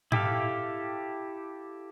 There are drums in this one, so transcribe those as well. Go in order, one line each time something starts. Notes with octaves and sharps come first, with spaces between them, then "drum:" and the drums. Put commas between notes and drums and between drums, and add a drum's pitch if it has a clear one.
E4 G4 A4 F5, drum: tom G#2